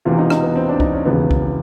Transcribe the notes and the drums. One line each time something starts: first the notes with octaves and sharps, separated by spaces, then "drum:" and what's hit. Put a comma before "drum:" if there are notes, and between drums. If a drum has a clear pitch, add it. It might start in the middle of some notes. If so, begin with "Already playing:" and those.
E1 E2 C3 E3 F4
D#4
D#4, drum: rim click
B3
C4
D4
D#4, drum: kick C2
C#4
E1 D#2 C#3 E3 B3
drum: kick C2